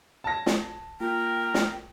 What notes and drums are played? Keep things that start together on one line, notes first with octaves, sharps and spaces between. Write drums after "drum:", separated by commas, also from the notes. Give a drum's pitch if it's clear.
A5 A#6
drum: snare
A#3 F4 A#4 G5
drum: snare